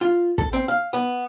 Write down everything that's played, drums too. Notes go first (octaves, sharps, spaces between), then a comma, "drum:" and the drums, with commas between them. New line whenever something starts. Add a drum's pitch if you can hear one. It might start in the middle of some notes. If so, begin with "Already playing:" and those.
F4
A4, drum: kick
C4
F5
B3